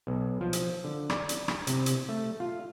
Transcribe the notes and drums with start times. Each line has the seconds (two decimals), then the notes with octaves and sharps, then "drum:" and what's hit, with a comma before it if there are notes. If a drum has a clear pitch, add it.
0.07 B1
0.41 F3
0.53 drum: hi-hat
0.84 D3
1.10 D5, drum: rim click
1.29 drum: hi-hat
1.48 drum: rim click
1.67 C3, drum: hi-hat
1.86 drum: hi-hat
2.09 A3
2.40 F4